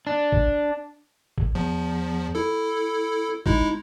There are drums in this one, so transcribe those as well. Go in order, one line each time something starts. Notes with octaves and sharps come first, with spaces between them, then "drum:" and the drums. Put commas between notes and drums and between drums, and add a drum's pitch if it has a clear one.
D4
drum: kick G#1
drum: kick G#1
E2 F3
E4 A4
G#3 D#4 E4, drum: kick G#1